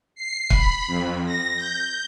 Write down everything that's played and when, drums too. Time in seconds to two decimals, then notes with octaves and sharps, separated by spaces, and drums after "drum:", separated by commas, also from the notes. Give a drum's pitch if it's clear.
0.15 C7
0.50 B5, drum: kick
0.87 F2
1.25 A#6
1.56 G6